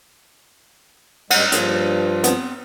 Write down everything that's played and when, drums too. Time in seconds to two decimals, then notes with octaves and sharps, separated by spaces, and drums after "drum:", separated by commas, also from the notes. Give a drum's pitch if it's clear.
1.30 G2 G3 G#3 F#5, drum: cymbal
1.52 G2 F3 A#3 F4 G#4 C#5, drum: hi-hat
2.24 B3 C4, drum: hi-hat